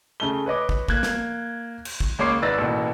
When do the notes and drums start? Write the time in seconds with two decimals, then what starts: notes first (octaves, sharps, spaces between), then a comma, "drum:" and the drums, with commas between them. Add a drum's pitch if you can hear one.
0.20 C#3 A3 G7
0.46 B4 C#5 D#5 D6
0.69 drum: kick
0.88 A#3 F#6 G#6, drum: kick
1.03 drum: snare
1.85 drum: cymbal
2.00 drum: kick
2.19 C#2 A#3 C#5 C6 D6 C7
2.42 G#1 B4 D5 E6 A6 A#6
2.58 A1 B2 A#3